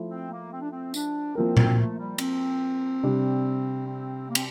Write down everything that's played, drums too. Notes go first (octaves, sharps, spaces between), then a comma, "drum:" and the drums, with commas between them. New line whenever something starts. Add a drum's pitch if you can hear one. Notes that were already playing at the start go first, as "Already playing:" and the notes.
Already playing: F3 A3 E4
C4
A#3
C4
D4
C4
D4, drum: tambourine
F3 A#3 C4 E4 A#4
C4, drum: tom A#2
A3
G3
C4, drum: cymbal
C3 G3 D4 G4
C4
A#3
C4, drum: cymbal